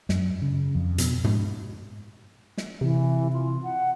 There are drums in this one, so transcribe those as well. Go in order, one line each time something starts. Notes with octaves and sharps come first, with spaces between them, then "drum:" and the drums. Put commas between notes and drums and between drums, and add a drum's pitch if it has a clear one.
F#2, drum: snare
C#3
F2
B2, drum: hi-hat
G#2, drum: tom
drum: snare
C3 E3
F4
F#5